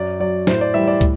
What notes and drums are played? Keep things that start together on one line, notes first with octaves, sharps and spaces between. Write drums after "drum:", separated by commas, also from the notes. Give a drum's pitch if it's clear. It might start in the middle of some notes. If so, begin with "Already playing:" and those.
Already playing: F#2 D5
F#3 D5
A2 C5, drum: snare
D5
E3 G3 E5
D5
A2, drum: kick, hi-hat